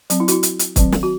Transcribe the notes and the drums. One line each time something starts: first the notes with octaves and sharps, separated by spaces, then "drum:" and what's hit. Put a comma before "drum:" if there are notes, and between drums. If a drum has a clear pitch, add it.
F#3 C4, drum: hi-hat
E4
F#4, drum: hi-hat
E4
drum: hi-hat
drum: hi-hat
D#3 F#3 C4, drum: kick, hi-hat
drum: snare
F#4